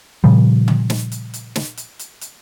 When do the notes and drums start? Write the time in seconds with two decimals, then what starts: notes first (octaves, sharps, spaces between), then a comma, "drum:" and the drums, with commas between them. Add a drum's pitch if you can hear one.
0.24 A#2 C#3 F3 G3
0.68 drum: tom C#3
0.90 drum: snare
1.12 drum: hi-hat
1.34 drum: hi-hat
1.56 drum: snare
1.77 drum: hi-hat
1.99 drum: hi-hat
2.21 drum: hi-hat